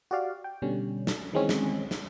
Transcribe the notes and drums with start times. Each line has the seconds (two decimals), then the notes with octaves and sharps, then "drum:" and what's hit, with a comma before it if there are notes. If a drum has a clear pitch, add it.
0.11 F#4 G4 D5 F5
0.44 G5
0.62 B2 D3 G3 C#4
1.07 drum: snare
1.33 D#3 E3 G#3 C4 C#4
1.49 drum: snare
1.91 drum: snare